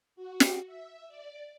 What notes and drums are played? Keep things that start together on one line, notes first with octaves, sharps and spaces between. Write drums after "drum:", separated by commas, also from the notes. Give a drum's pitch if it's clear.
F#4
drum: snare
E5
D5